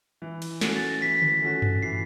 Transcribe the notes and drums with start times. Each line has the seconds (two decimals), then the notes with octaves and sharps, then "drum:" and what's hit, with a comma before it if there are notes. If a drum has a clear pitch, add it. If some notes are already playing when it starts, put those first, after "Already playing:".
0.22 E3
0.42 drum: cymbal
0.61 A3 C#4 F#4, drum: snare
0.76 A6
0.89 A#6
1.02 E3 B6
1.22 drum: tom D3
1.42 A3 C#4 F#4
1.62 drum: tom F#2
1.83 E3 C7